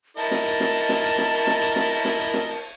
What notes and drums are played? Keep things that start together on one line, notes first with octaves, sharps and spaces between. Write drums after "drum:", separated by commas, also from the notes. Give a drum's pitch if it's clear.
E4 A#4 D#5 A5, drum: open hi-hat
drum: snare
drum: hi-hat
drum: snare
drum: open hi-hat
drum: snare
drum: hi-hat
drum: snare
drum: open hi-hat
drum: snare
drum: hi-hat
drum: snare
drum: open hi-hat
drum: snare
drum: hi-hat
drum: snare
drum: open hi-hat